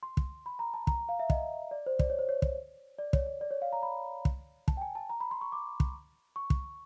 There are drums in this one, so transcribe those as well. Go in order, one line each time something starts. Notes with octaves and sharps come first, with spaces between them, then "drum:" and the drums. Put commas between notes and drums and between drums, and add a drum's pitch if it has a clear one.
C6
drum: kick
B5
A#5
A5
A#5, drum: kick
F5
E5
D#5, drum: kick
D5
C5
D5, drum: kick
C#5
C5
C#5
drum: kick
D5
C#5, drum: kick
C#5
D5
C#5
F5
A#5
B5
drum: kick
A5, drum: kick
G5
G#5
A5
A#5
B5
C6
C#6
D6
drum: kick
C#6
drum: kick